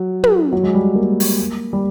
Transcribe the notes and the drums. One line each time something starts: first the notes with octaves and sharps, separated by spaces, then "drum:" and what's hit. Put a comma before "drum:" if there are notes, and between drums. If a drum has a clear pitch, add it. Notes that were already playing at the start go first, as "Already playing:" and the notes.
Already playing: F#3
drum: tom
F#3
G#3
G3
A#3
drum: open hi-hat
G3